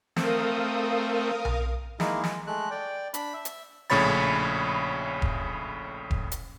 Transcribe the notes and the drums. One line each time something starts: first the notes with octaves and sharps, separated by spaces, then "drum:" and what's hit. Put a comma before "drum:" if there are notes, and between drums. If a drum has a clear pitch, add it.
A3 C4 A#4 F5 D#6, drum: snare
drum: tom B1
G#3 A#3 D#4 E4 G#4, drum: snare
G#3, drum: snare
G#3 A3 F#6
D5 G5
D4 B5, drum: hi-hat
E5
drum: hi-hat
A#1 A2 C#3 C#5 B5 A6
drum: kick E1
drum: kick E1
drum: hi-hat